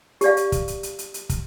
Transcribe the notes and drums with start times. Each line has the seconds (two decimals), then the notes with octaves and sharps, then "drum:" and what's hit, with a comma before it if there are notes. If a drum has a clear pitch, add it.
0.21 G4 D5 F5, drum: hi-hat
0.37 drum: hi-hat
0.52 drum: kick, hi-hat
0.68 drum: hi-hat
0.83 drum: hi-hat
0.99 drum: hi-hat
1.14 drum: hi-hat
1.29 drum: kick, hi-hat